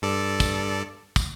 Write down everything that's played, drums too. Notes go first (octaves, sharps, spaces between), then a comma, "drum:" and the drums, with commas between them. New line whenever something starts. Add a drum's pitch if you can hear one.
G2 A4 D5
drum: kick, tambourine
drum: kick, tambourine